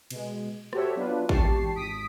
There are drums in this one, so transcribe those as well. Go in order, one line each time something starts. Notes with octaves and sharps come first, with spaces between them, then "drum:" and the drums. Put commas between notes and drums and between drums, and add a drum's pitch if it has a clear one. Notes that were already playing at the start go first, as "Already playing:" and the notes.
B2 G#3, drum: cymbal
F#4 G4 A4 C5 C#5 E5, drum: rim click
F#3 B3 D4 F4 B4
G#1 E2 G4 A5 C#6 C7, drum: kick A1
G#1 D#6 B6 D7